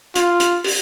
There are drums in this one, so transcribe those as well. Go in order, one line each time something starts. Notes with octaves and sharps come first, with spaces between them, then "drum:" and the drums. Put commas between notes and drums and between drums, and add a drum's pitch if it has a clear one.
F4, drum: hi-hat
drum: hi-hat
drum: open hi-hat